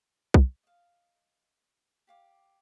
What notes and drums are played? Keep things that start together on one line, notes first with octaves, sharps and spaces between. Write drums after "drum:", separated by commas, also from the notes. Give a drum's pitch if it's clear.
drum: kick B1
D#5 F5
G4 F5 D6